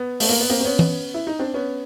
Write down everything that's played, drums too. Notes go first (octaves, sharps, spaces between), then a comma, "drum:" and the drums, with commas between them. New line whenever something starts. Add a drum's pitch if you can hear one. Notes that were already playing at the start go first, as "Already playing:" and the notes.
Already playing: B3
A3, drum: open hi-hat
A#3
B3
A#3 C4
C4
B3 C#4
drum: tom
E4
D#4
C4 D4
B3 C#4